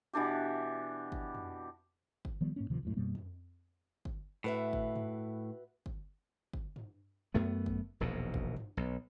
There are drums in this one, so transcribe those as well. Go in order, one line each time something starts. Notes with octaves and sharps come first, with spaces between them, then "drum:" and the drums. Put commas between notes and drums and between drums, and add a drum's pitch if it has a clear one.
B2 E3 D4 G4
drum: kick G1
drum: tom F2
drum: kick G1
D#3 F3 G3 B3
G#2 A#3 C#4
D1 C3 D#3 F3
D#1 F#2 A2
F#2 B2 G3 A#3
drum: tom F2
drum: kick G1
A2 F#4 B4 E5
drum: kick G1
drum: tom G2
drum: kick G1
drum: kick G1
drum: tom G2
F#2 A3 B3
drum: kick G1
E1 A#1 D#2 B2
drum: kick G1
drum: tom G2
B1